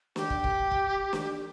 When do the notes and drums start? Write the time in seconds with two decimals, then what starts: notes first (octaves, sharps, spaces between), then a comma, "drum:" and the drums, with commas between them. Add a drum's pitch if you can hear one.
0.16 G4, drum: snare
0.30 drum: kick
0.44 drum: kick
0.71 drum: kick
1.13 drum: snare